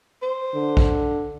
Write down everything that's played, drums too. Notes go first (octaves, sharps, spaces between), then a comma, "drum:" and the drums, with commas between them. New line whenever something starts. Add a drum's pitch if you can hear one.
C5
D3
drum: kick